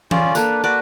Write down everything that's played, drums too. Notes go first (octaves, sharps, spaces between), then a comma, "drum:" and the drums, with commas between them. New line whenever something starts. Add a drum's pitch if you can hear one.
C#4 F4 D5, drum: tom E3
A#3 D4 A4 B4, drum: tambourine
F#4 B4 D5